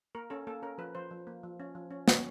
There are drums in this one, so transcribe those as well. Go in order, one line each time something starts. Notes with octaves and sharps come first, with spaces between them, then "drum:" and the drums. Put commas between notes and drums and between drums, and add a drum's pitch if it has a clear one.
A#3 A#4
C#4 A4
A#3 A4
C#4 A#4
F3 B4
F3 C5
F3
A#3
F3
C#4
F3
C#4
C#4 C#5, drum: snare